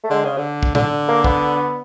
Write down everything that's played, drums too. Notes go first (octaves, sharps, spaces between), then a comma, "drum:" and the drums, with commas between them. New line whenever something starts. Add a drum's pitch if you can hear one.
A3
D3 G#3
C#3
D3
drum: kick
D3, drum: tom A2
A#3
B3, drum: kick